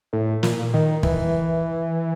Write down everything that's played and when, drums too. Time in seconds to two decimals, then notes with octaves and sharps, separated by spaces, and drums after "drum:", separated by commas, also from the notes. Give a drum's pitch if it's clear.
0.13 A2
0.43 A#2, drum: snare
0.74 D#3
1.03 E3, drum: kick